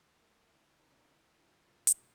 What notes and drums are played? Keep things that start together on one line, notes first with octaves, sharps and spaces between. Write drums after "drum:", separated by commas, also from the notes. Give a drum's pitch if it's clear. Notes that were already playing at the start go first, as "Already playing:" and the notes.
Already playing: D#2
D#3 F#3 A3
D2 E4
C3 F3 A#3 C#4 D#4
D4
D#4
D#2 E4
E4
D3 G3 F4
F#1 F4
D#4, drum: hi-hat
B2 G#3